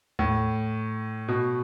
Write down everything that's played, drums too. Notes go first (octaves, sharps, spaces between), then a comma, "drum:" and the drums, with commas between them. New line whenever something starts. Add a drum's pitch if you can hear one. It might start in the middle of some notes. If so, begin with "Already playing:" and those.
A2, drum: tom D#2
B2